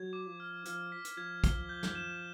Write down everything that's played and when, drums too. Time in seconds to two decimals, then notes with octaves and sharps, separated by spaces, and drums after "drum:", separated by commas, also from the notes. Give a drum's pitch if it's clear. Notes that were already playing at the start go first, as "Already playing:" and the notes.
Already playing: F#3 G#6
0.13 D6
0.26 F3
0.40 F6
0.65 F3 F6, drum: hi-hat
0.92 B6
1.05 drum: hi-hat
1.17 F3 G#6
1.44 G7, drum: kick, hi-hat
1.69 G6
1.83 drum: snare
1.95 E7